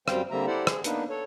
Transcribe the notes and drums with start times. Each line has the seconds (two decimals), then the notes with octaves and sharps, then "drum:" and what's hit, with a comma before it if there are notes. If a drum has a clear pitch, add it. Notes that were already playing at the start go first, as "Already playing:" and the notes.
0.08 F#2 G3 C4 C5 F5 G5, drum: rim click
0.31 D3 G3 A#3 C4 E5 A#5
0.47 E4 G4 A4 C5 D5 F#5
0.67 G#4, drum: rim click
0.84 A#3 B3 D4 D#4 B4, drum: hi-hat
1.09 A4 C#5